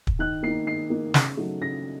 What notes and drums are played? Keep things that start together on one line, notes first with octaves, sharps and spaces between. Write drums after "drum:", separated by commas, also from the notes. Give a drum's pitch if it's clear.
drum: kick
D#3 F#6
A#3 D#4 C7
D#3 C7
A#3 D#4
C#3, drum: snare
F#3 A3 D#4
C#3 A#6